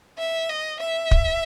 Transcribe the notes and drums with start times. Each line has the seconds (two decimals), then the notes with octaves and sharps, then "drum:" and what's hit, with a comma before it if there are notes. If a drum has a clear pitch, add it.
0.19 E5
0.49 D#5
0.81 E5
1.11 drum: kick